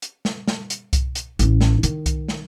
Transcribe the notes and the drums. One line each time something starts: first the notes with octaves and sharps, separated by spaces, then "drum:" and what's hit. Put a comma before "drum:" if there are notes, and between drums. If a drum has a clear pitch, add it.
drum: hi-hat
drum: snare
drum: snare
drum: hi-hat
drum: kick C2, hi-hat
drum: hi-hat
A1 C#4, drum: hi-hat
drum: snare
D#3, drum: hi-hat
drum: kick C2, hi-hat
drum: snare